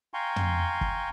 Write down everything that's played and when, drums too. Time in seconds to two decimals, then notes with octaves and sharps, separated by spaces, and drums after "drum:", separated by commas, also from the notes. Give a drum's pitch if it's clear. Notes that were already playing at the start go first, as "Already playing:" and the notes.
0.14 F5 G5 G#5 A#5 C6 C#6
0.36 drum: tom
0.81 drum: kick